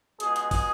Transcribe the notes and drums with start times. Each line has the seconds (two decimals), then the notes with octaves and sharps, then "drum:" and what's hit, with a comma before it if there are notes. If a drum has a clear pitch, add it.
0.20 C#2 B2 G#3 G#4, drum: hi-hat
0.36 drum: hi-hat
0.51 drum: kick, open hi-hat